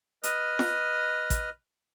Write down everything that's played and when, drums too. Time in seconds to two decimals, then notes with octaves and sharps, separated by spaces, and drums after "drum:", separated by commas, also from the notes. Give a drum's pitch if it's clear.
0.23 B4 D#5 D#6 F6, drum: hi-hat
0.59 drum: snare F4
1.30 drum: kick, hi-hat